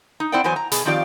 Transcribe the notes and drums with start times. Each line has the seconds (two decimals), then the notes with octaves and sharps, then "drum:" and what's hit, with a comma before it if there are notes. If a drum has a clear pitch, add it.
0.20 D#4
0.32 C4 E4 C5 D5 F#5 G5
0.44 E2 E3 F#3 C5 G#5
0.56 A#5
0.72 B2 G#4, drum: hi-hat
0.85 D#3 F3 C4 F4 G4 D5